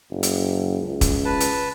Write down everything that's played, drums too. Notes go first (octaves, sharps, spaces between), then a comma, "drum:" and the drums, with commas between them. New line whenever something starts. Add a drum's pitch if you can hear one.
F#1
drum: hi-hat
C#2
drum: kick, hi-hat
B4 A5
drum: hi-hat